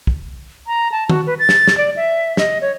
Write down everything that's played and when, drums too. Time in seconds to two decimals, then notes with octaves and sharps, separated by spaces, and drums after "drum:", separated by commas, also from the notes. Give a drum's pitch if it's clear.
0.07 drum: kick
0.67 A#5
0.92 A5
1.09 F#4, drum: tom D#3
1.26 B4
1.39 A6
1.49 drum: snare
1.67 drum: snare
1.77 D5
1.96 E5
2.37 D#5, drum: snare
2.61 C#5